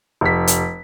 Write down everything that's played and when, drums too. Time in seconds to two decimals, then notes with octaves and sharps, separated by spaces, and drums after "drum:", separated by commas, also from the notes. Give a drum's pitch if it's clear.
0.21 F1 B6
0.47 drum: hi-hat